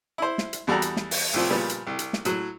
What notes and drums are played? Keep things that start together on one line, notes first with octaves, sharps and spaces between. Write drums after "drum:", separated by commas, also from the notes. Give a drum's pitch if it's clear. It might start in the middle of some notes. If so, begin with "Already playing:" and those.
E4 C5
drum: snare
drum: hi-hat
E2 G3 F#4 A4 A#5
drum: hi-hat
drum: snare
drum: open hi-hat
C2 A2 F3 C4
A#2 C#3 F3 G3 B3
drum: hi-hat
C2
drum: hi-hat
drum: snare
A2 F#3, drum: hi-hat